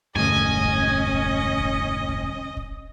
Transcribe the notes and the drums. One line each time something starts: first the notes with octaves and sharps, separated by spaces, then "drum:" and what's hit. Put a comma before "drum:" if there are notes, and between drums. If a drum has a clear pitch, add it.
E1 D2 G2 C#4 D#5 G#5, drum: kick
drum: kick
drum: kick
drum: kick
drum: kick
drum: kick